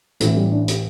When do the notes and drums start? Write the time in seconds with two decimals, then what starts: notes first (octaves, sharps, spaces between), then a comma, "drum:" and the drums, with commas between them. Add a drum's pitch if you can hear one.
0.20 A1 A2 E3 A3, drum: hi-hat
0.37 G3
0.52 D4
0.68 G4, drum: hi-hat